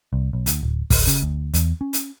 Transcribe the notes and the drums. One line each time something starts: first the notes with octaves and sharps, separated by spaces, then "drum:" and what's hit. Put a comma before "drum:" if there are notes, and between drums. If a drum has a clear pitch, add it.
C2
B1
D2, drum: hi-hat
D1
D1, drum: kick, open hi-hat
C#3, drum: hi-hat
D2
E2, drum: hi-hat
C#4
drum: hi-hat